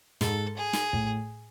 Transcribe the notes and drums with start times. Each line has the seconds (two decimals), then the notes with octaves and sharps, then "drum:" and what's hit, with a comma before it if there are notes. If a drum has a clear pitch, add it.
0.21 G#2 A4, drum: snare
0.57 G#4
0.73 drum: snare
0.93 A2, drum: kick